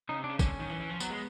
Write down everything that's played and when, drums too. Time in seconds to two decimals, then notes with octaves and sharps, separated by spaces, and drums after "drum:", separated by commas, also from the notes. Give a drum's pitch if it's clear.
0.09 C#3 D#4
0.19 C3
0.24 D4
0.29 C#3
0.39 D3 C#4, drum: kick, tambourine
0.59 D#3
0.70 E3
0.80 E3
0.89 F3
1.00 F#3 B3, drum: tambourine
1.10 G#3